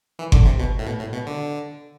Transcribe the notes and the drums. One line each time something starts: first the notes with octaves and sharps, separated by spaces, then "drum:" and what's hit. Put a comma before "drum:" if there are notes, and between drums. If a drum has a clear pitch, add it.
E3
D3, drum: kick G1
C3
B2
A2
B2
A2
B2
D3